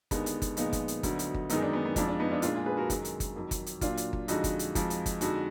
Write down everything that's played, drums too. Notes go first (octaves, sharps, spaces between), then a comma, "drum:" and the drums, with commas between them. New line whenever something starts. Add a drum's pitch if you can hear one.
D#2 D3 G#3 B3 D#4, drum: kick G1, hi-hat
drum: hi-hat
drum: kick G1, hi-hat
A#2 F3 G#3 B3 D#4, drum: hi-hat
drum: kick G1, hi-hat
drum: hi-hat
D2 D3 F#3, drum: kick G1, hi-hat
drum: hi-hat
drum: kick G1
F#2 D#3 G#3 B3 D#4, drum: hi-hat
D4
B3
B3
F2 F3 G#3 D4, drum: kick G1, hi-hat
D4
B3 D#4
D4 F4
A#2 G#3 D4 F4, drum: hi-hat
F4 G#4
G#4 B4
F#4 A#4
F#2 D#3 G#3, drum: kick G1, hi-hat
drum: hi-hat
drum: kick G1, hi-hat
F2 D#3 F#3
drum: kick G1, hi-hat
drum: hi-hat
A#2 F#3 D4 F4, drum: kick G1, hi-hat
drum: hi-hat
drum: kick G1
F2 D3 F3 G#3 D#4 F#4, drum: hi-hat
drum: kick G1, hi-hat
drum: hi-hat
F2 F3 G#3, drum: kick G1, hi-hat
drum: hi-hat
drum: kick G1, hi-hat
F2 D3 G#3 D#4 F#4, drum: hi-hat